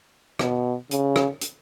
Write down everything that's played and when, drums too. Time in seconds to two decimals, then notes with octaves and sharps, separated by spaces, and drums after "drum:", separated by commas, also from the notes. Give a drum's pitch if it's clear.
0.39 B2, drum: rim click
0.91 C#3, drum: hi-hat
1.16 drum: rim click
1.41 drum: hi-hat